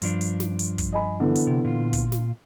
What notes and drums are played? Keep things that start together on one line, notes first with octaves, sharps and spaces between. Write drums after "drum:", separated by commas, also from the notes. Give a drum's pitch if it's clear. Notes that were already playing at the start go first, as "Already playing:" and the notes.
G2 F3 D4, drum: hi-hat
drum: hi-hat
drum: snare
drum: hi-hat
drum: kick, hi-hat
D#5 G#5 B5
D3 E3 B3
drum: hi-hat
C3
A#2 F4
drum: kick, hi-hat
drum: snare